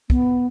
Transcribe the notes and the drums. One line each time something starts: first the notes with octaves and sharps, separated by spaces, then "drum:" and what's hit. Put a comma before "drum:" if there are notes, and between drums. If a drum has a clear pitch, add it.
B3, drum: kick